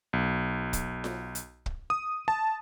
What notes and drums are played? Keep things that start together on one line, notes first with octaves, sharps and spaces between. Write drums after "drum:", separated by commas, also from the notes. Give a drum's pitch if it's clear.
B1
drum: kick, hi-hat
drum: snare F4
drum: hi-hat
drum: kick
D#6
A5